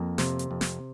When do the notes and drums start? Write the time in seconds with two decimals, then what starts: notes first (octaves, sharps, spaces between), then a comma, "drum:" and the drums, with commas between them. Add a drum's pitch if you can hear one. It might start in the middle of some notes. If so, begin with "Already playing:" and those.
Already playing: F2 A#3
0.18 C3, drum: snare
0.39 drum: hi-hat
0.51 F2
0.61 drum: snare